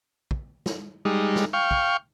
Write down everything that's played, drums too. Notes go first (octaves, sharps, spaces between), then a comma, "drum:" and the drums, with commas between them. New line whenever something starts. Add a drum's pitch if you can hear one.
drum: kick
drum: snare
G3 G#3 D#4
drum: snare
F5 G5 C#6
drum: kick